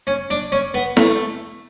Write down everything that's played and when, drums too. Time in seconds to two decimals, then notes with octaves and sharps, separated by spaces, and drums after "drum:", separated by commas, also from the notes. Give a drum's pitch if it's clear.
0.07 C#4
0.30 D4
0.52 C#4
0.74 B3
0.97 A3, drum: snare E4